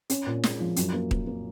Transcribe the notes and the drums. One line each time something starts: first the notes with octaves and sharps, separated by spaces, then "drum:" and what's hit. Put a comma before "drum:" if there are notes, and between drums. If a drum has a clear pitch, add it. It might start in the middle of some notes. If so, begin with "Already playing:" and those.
C#4, drum: hi-hat
A#2
G#3, drum: snare
F3
F#2, drum: hi-hat
A#3
A#3, drum: kick D#1
A#3